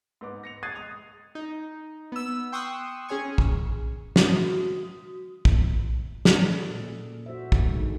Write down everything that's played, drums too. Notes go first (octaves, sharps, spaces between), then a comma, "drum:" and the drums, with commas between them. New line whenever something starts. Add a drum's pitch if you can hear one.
G#2 B3 D6
A#6 C#7 F7
D#6 F#6 G#6 A6 C7 D#7
G#3 D#6 F7
D#4
B3 E6
G5 C6 C#6 D#6 E6 F#6
C#4 G#4 C#5 G#5 C#6
drum: kick
drum: snare
F#4 D#6
drum: kick
C#4 G#4 A4 D5, drum: snare
A#2
F#4 C5 E5
drum: kick
B2 D3 D#3 G#3 D#4 A4